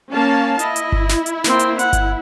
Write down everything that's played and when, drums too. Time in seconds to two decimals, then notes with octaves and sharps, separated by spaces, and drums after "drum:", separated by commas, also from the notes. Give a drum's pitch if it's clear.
0.11 A#3 C#4 F5 A5
0.59 E4 D#5, drum: hi-hat
0.76 drum: hi-hat
0.92 drum: kick G1
1.09 drum: snare
1.26 drum: hi-hat
1.44 A#3 C4, drum: snare
1.59 drum: hi-hat
1.79 F#5, drum: hi-hat
1.93 drum: kick G1, hi-hat